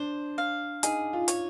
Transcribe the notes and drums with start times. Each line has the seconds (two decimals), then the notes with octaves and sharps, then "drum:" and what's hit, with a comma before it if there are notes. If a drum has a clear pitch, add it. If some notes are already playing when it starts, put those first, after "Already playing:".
Already playing: D4 C5
0.38 F5
0.83 D#4 G#4, drum: hi-hat
1.13 F4
1.28 C#5, drum: hi-hat